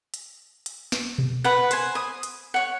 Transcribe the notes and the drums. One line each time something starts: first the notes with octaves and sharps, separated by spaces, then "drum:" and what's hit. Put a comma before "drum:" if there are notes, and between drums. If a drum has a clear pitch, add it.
drum: hi-hat
drum: hi-hat
drum: snare
drum: tom B2
B4 F#5
C5 G#5, drum: hi-hat
D#6
drum: hi-hat
C#5 F#5